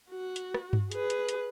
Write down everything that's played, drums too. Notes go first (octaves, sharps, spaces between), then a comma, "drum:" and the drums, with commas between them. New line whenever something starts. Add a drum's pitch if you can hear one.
F#4
drum: hi-hat
drum: rim click
drum: tom G2
G#4 B4, drum: hi-hat
drum: hi-hat
drum: hi-hat